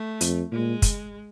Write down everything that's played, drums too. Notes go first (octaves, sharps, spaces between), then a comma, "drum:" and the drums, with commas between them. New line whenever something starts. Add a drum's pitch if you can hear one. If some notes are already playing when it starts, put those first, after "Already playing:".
Already playing: A3
F2, drum: hi-hat
A#2 G#3
drum: kick, hi-hat